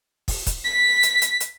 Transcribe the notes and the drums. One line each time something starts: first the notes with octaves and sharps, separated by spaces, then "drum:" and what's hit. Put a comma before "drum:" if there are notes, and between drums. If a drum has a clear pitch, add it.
drum: kick, open hi-hat
drum: kick, hi-hat
B6
drum: hi-hat
drum: hi-hat
drum: hi-hat